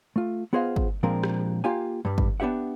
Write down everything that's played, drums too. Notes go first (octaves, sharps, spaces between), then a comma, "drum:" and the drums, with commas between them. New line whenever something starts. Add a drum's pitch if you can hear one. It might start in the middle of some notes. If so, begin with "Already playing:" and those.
A3 F4
B3 F4 G#4 C5 D#5 F5
drum: kick
A#2 F3 G#3 C4 D4 A#4
drum: rim click
A#3 F4 G4 F5 G#5
G2 G3
drum: kick
B3 D4 G4 E5 F#5